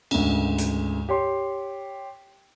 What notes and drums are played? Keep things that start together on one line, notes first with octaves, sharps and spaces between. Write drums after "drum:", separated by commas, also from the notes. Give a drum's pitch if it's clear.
D2 G#2 C#3, drum: cymbal
drum: hi-hat
G4 C#5 C6